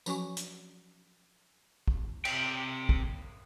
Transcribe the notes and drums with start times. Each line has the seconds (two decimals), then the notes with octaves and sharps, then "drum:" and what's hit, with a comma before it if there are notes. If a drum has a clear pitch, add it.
0.06 F3 F#3 C#4 F#4 G#5 C#6, drum: tambourine
0.37 drum: hi-hat
1.88 drum: kick
2.25 C3 G5, drum: cymbal
2.89 drum: kick